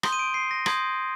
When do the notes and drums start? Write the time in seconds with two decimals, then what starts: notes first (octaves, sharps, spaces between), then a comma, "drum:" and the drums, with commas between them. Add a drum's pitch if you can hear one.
0.03 C6 D#6 G6 G7, drum: rim click
0.12 D#7
0.19 D7
0.34 C7
0.51 A#6
0.66 C6 D#6 G6 G#6, drum: rim click